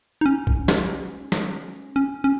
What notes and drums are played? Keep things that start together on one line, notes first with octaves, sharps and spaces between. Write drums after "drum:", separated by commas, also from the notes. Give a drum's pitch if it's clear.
D#4
C#4
drum: kick A#1
drum: snare
drum: snare
C#4
C#4